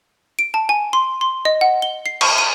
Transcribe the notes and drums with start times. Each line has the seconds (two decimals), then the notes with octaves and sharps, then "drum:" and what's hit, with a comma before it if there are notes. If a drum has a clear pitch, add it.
0.39 D7
0.54 A5
0.69 G#5
0.93 C6
1.21 C6
1.45 D#5
1.61 F#5
1.82 G7
2.06 C7
2.21 C#6, drum: cymbal
2.38 D#7